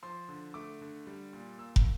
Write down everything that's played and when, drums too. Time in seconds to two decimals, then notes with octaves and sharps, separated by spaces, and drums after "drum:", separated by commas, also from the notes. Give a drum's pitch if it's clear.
0.03 F3 C6
0.28 D3
0.54 A3 D6
0.81 D3
1.07 G3
1.33 A#2
1.58 A#3 E6
1.76 drum: kick